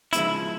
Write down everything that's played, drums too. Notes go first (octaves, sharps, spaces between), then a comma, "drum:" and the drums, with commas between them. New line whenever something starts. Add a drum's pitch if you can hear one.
C#3 F3 G#3 B3 D#4 E4, drum: hi-hat